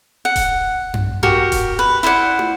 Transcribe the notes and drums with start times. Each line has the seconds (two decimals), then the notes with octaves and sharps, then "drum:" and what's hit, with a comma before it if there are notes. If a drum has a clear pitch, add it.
0.25 F#5
0.36 drum: kick D#1, hi-hat
0.94 drum: tom F#2
1.23 F#4 G4 A#4, drum: tom F#2
1.52 drum: kick D#1, hi-hat
1.79 B4
2.03 E4 C5 D5 F#5
2.39 drum: tom